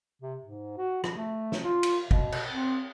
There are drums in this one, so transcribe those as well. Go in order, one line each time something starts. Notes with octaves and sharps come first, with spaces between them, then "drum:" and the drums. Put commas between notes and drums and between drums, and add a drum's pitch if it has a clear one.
C3
G#2
F#4
F3, drum: rim click
A3
drum: snare
F4
drum: cymbal
B2, drum: kick
drum: cymbal
C4